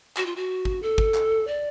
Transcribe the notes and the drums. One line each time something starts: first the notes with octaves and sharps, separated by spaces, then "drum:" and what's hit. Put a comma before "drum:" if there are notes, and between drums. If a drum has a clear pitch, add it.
F#4, drum: clap
F4
F#4
drum: kick
A4
drum: kick
drum: clap
D5